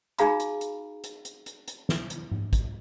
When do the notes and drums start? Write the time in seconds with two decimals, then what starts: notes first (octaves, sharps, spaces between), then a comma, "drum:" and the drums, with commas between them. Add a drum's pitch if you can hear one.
0.19 D#4 F#4 G#4 F5 A#5 B5, drum: hi-hat
0.40 drum: hi-hat
0.61 drum: hi-hat
1.04 drum: hi-hat
1.25 drum: hi-hat
1.46 drum: hi-hat
1.68 drum: hi-hat
1.89 drum: snare
2.10 drum: hi-hat
2.31 drum: tom G#2
2.53 drum: kick, hi-hat